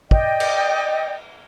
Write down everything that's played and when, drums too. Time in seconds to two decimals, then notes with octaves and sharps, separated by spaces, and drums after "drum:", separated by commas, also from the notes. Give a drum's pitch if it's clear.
0.11 D5 D#5 G5, drum: kick
0.40 drum: cymbal